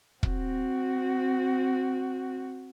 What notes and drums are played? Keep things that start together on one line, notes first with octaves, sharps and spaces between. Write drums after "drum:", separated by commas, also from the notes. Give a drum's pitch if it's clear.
C4 F#4, drum: kick